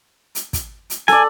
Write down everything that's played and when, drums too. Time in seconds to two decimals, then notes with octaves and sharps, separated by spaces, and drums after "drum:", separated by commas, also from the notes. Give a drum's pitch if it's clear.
0.35 drum: hi-hat
0.53 drum: kick, hi-hat
0.90 drum: hi-hat
1.08 A4 D5 G#5, drum: snare